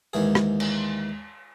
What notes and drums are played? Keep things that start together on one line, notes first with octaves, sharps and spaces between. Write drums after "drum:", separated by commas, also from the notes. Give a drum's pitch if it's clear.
D#2 G#2 E3 G#4
drum: rim click
drum: cymbal